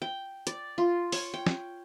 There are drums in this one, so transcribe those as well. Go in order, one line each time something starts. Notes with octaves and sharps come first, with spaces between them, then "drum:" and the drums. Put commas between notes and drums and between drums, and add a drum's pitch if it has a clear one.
G5
D5, drum: hi-hat
F4
C#5, drum: open hi-hat
G5
drum: snare